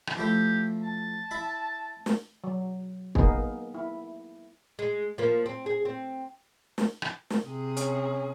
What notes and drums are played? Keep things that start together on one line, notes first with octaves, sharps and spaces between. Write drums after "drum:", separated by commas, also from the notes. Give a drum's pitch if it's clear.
drum: rim click
F3 A3 E4 G4
A5
E4 B5
drum: snare
F#3
A#3 B3 D#4 G#4, drum: kick
E4
G#3
F3 A#3
C4
G#4
C4
drum: snare
drum: rim click
drum: snare
C3 G#4
C#4, drum: hi-hat